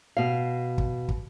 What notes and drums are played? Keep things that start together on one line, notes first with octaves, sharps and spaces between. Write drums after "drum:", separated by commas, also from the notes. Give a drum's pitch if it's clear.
B2 F5
drum: kick
drum: kick